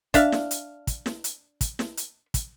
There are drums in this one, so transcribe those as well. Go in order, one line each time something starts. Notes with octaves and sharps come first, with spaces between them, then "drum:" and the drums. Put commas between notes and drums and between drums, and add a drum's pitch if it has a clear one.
D4 E5 F5, drum: kick, hi-hat
drum: snare
drum: hi-hat
drum: kick, hi-hat
drum: snare
drum: hi-hat
drum: kick, hi-hat
drum: snare
drum: hi-hat
drum: kick, hi-hat